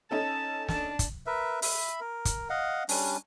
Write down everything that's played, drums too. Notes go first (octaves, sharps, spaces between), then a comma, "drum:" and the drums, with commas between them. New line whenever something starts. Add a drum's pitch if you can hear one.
C#4 D#4 A4 A5
D4 A5, drum: snare
drum: kick, hi-hat
A#4 B4 E5
E5 B5, drum: open hi-hat
A#4
drum: kick, hi-hat
D#5 F5 F#5
G3 C#4 D4, drum: open hi-hat